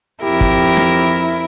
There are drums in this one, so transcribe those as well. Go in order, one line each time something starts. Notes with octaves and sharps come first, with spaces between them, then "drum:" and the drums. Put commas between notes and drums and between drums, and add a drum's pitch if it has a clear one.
F2 E4 G4 A#4
drum: kick
drum: snare